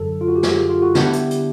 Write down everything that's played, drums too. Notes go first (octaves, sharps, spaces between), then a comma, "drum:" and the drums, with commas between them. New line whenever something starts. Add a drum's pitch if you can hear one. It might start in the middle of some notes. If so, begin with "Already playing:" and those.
Already playing: F#2 D3 A4
F4
F#4
G4
G#4, drum: snare
G4
F4
F#4
D3 G3 B3 E4 G4 A4, drum: snare
drum: hi-hat
drum: hi-hat